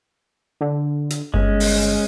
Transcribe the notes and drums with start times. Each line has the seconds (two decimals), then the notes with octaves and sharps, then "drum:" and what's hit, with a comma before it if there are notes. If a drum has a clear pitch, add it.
0.61 D3
1.10 drum: hi-hat
1.34 G1 G#3 C#4
1.60 drum: open hi-hat